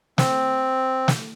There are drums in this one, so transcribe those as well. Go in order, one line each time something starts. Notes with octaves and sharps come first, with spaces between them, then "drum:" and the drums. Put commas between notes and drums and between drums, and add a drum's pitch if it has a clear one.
C4, drum: snare
drum: snare